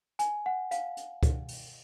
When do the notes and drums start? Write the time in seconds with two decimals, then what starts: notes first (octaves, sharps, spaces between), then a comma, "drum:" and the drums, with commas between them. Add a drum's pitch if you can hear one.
0.19 G#5, drum: hi-hat
0.46 F#5
0.71 F5, drum: hi-hat
0.97 drum: hi-hat
1.23 drum: kick C#2, hi-hat
1.48 drum: open hi-hat